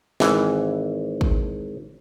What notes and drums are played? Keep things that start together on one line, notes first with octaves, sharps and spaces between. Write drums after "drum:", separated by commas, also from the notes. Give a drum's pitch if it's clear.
G#1 E3, drum: snare
drum: kick